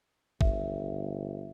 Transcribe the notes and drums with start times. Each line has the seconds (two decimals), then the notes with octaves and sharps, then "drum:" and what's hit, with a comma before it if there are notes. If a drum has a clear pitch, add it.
0.41 G1 E5, drum: kick